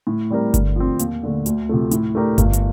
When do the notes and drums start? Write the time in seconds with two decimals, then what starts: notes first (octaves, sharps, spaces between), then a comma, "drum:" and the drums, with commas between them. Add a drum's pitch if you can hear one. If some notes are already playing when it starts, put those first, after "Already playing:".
0.07 A2
0.31 G3 C4 G4 A#4
0.54 D3, drum: kick G1, hi-hat
0.76 F3 C4
0.99 D#2, drum: hi-hat
1.23 D3 A3
1.46 D2, drum: hi-hat
1.69 C3 F3 A3
1.91 A2, drum: hi-hat
2.15 A3 D4 G4 A#4
2.38 G1, drum: kick G1, hi-hat
2.53 drum: hi-hat